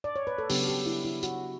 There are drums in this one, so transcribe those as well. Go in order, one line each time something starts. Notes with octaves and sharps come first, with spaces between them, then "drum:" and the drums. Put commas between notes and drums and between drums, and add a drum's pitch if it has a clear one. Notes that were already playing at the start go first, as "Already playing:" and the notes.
D5
C#5
B4
A4
C#3 F#3 B3 D4 G4, drum: open hi-hat
G4
E4
E4
F#4, drum: hi-hat